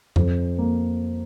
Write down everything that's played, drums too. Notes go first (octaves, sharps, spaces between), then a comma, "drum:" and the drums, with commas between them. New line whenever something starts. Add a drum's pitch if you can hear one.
F2, drum: tom F2
A#3